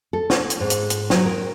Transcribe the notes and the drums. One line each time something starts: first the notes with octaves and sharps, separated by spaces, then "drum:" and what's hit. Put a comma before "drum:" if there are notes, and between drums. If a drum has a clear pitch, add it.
A4
drum: snare
drum: hi-hat
G#2
drum: hi-hat
drum: hi-hat
F#3, drum: snare
A#4